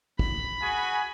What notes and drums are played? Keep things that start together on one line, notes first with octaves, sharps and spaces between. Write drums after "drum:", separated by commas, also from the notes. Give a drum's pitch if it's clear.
B5, drum: kick
F#4 G#4 G#5